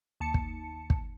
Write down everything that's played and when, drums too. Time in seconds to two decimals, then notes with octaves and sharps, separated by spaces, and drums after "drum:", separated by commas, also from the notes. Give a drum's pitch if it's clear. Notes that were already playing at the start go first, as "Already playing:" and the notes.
0.20 D#2 A5 C#7
0.34 drum: kick
0.90 drum: kick